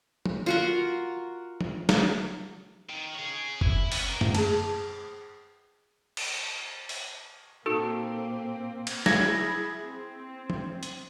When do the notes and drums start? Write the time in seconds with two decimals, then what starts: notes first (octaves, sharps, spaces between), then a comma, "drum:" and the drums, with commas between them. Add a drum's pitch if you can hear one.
0.26 drum: tom F3
0.46 F4 F#4 A#4
1.61 drum: tom F3
1.89 drum: snare
2.90 D#3
3.15 G#4 C#5
3.61 E4, drum: kick F1
3.92 B3 C#4, drum: open hi-hat
4.09 A#3
4.21 drum: tom
4.35 G#4 A5, drum: cymbal
6.17 drum: cymbal
6.89 drum: open hi-hat
7.66 A#2 A#3 C4 D#4 F#4 A4
8.87 drum: cymbal
9.06 E4 G#4 G#6 A#6, drum: snare
9.86 C4
10.50 drum: tom F3
10.83 drum: hi-hat